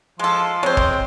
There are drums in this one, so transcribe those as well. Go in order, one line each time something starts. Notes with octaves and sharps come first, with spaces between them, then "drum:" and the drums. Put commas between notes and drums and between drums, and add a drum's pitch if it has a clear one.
F3 G#3 A4 C6
G#3 C4 C5 C#5
drum: kick